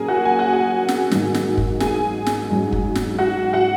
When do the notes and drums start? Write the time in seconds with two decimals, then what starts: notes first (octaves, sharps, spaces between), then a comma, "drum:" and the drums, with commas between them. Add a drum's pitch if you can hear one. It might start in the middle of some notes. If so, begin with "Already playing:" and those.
Already playing: A#2 F#3 C#4 G#4 A#4 G#5
0.08 F#4 F#5
0.25 G#5
0.39 F#5
0.52 G#4 G#5
0.89 drum: snare
1.11 G#2 D#3 F#3, drum: snare
1.35 drum: snare
1.58 drum: kick
1.80 G#4 G#5, drum: snare
2.26 drum: snare
2.50 G#2 F#3 C#4
2.72 drum: kick
2.95 drum: snare
3.18 F#4 F#5
3.53 F#4 F#5